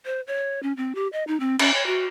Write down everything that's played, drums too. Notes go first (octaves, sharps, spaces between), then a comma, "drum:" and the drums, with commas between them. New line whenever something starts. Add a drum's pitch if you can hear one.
C5
C#5
C#4
C4
G4
D#5
D#4
C4
C#4, drum: cymbal
C#5
F#4